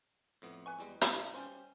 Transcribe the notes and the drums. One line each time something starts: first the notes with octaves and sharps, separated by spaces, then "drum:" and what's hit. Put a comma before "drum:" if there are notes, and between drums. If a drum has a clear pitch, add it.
F2 A2 B3
B4 G#5 C#6
E2 G3 G#3
G2 B2 D#4 F4, drum: hi-hat
G3 C#4 C5